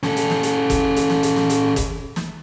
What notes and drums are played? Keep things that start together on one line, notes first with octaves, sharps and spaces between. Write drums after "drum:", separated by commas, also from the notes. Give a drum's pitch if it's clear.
C#4 A4, drum: snare
drum: hi-hat
drum: snare
drum: hi-hat
drum: kick G1, hi-hat
drum: hi-hat
drum: snare
drum: hi-hat
drum: snare
drum: hi-hat
drum: kick G1, hi-hat
drum: snare